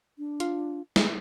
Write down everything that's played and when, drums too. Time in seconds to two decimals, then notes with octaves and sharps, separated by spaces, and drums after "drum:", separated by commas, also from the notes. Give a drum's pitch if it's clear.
0.18 D4
0.40 F4, drum: hi-hat
0.96 G#3, drum: snare